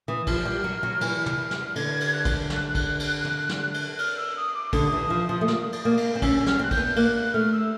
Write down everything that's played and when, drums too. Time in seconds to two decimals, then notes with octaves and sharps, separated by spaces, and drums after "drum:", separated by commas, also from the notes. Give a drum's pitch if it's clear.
0.08 E3 D#6
0.27 F3 F6, drum: kick, cymbal
0.45 G3
0.64 F#3
0.83 F#3
1.01 E3, drum: cymbal
1.26 drum: tom
1.51 drum: snare
1.76 D3 G#6, drum: cymbal
2.01 drum: cymbal
2.13 F#6
2.25 drum: kick, cymbal
2.50 drum: snare
2.75 drum: kick, cymbal
3.00 drum: cymbal
3.25 drum: tom
3.49 drum: snare
3.74 drum: cymbal
3.99 F6, drum: cymbal
4.17 E6
4.37 D#6
4.54 D6
4.73 D3 D#6, drum: kick, cymbal
4.92 E3
5.10 F3
5.29 F3
5.41 A3
5.48 A#3, drum: snare
5.72 drum: cymbal
5.85 A#3
5.97 drum: cymbal
6.15 C4
6.22 C#4 E6, drum: kick, cymbal
6.40 C#4
6.46 F6, drum: snare
6.59 C4 F#6
6.71 G6, drum: kick, cymbal
6.78 B3
6.96 A#3 F#6, drum: cymbal
7.16 F#6
7.33 A3 F6
7.52 E6